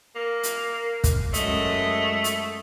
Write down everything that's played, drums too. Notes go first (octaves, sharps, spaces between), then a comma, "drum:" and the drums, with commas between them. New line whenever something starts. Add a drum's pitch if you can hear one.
A#3
drum: hi-hat
drum: kick, hi-hat
F#2 G#3 A3 D#5, drum: hi-hat
drum: hi-hat